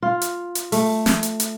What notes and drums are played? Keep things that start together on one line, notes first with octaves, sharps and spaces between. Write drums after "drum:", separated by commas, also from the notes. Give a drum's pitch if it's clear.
F4
drum: hi-hat
drum: hi-hat
A3, drum: open hi-hat
drum: snare
drum: hi-hat
drum: hi-hat